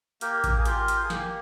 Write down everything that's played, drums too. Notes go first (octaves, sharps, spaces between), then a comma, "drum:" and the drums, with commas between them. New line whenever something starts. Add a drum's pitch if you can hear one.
A#3 G4 A#4, drum: hi-hat
drum: kick A1, hi-hat
G#4
F4 G4 A#4, drum: hi-hat
drum: hi-hat
G#4
A#3 G4, drum: snare